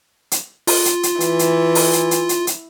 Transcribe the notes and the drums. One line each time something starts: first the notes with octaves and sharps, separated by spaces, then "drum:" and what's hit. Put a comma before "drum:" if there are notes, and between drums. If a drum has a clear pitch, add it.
drum: hi-hat
F4, drum: open hi-hat
drum: hi-hat
drum: hi-hat
E3, drum: hi-hat
drum: hi-hat
drum: open hi-hat
drum: hi-hat
drum: hi-hat
drum: hi-hat
drum: hi-hat